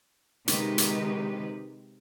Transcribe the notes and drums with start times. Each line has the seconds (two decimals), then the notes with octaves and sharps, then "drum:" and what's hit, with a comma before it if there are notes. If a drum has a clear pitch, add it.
0.48 C3 D#3 G#3 D#4 G4 B4, drum: hi-hat
0.78 drum: hi-hat